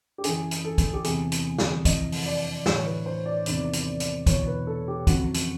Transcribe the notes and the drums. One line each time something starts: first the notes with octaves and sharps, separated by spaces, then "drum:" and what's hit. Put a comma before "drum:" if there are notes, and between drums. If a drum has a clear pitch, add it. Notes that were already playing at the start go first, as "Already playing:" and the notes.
G4
F#2 C#3 E3 G#4, drum: hi-hat
drum: hi-hat
A4
drum: kick, hi-hat
G4
E2 C3 E3 G#4, drum: hi-hat
drum: hi-hat
drum: snare
F2 C3 E3 D#5, drum: kick, hi-hat
drum: open hi-hat
D5
A2 E3 C#5, drum: snare
B4
C5
D5
E2 C3 D#3, drum: hi-hat
drum: hi-hat
drum: hi-hat
E2 B2 C#5, drum: kick, hi-hat
B4
A4
G4
F2 C#3 E3 F#4, drum: kick, hi-hat
drum: hi-hat